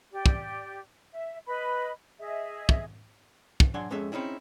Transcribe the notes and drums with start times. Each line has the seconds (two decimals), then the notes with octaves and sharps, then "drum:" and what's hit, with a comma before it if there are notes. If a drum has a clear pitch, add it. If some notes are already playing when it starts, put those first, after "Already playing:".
0.11 G4 D5
0.26 drum: kick
1.11 E5
1.46 B4 D#5 B5
2.19 G#4 D#5 E5
2.69 drum: kick
3.60 drum: kick
3.74 F#3 D4 G#4 F#5 G#5 C6
3.91 F2 G#3 C#4 A4 E5
4.12 C4 C#4 D#4 E4 G#4